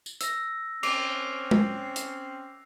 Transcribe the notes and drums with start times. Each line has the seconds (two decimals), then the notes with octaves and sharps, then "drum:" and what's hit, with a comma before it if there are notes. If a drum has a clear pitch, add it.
0.06 drum: tambourine
0.21 E6 A#6, drum: hi-hat
0.83 C4 C#4 D6 C7 F7, drum: cymbal
1.51 drum: tom G#3
1.96 drum: hi-hat